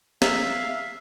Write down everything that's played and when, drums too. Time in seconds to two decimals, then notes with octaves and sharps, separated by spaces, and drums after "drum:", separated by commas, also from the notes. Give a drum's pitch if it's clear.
0.22 E5 F5, drum: snare